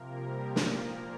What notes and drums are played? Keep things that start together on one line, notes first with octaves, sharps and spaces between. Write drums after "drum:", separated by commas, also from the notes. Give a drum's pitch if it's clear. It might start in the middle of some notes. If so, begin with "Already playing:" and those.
Already playing: C3 F3 A#3 A#4
G3 G4
A#2 F3 A#3 A#4, drum: snare